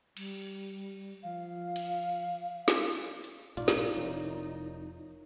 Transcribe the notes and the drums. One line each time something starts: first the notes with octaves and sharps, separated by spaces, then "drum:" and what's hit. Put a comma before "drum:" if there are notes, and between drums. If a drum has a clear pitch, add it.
G3, drum: cymbal
F3 F5
drum: cymbal
drum: snare
drum: hi-hat
A#1 G#2 B2 D#4 F4 D5, drum: hi-hat
drum: snare
F1 F2 C3 E4 A#4 C#5